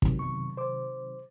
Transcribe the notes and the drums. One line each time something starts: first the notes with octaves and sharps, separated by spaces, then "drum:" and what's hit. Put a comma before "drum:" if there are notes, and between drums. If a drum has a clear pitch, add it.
C3 D#3 F#3, drum: kick
F#2 B2 C#6
C5 D6